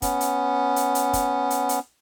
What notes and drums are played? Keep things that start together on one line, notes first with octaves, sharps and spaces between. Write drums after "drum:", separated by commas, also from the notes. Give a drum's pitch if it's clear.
B3 C#4, drum: kick, hi-hat
drum: hi-hat
drum: hi-hat
drum: hi-hat
drum: kick, hi-hat
drum: hi-hat
drum: hi-hat